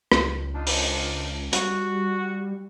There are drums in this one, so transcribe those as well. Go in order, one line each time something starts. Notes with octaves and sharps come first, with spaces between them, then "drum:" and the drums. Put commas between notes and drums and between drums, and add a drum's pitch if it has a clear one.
C#2, drum: rim click
D4 D#4 F4
drum: open hi-hat
G3 F#4, drum: hi-hat